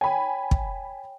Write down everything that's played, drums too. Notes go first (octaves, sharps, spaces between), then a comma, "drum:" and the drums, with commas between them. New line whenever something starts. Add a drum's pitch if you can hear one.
C#5 G5 G#5 B5
drum: kick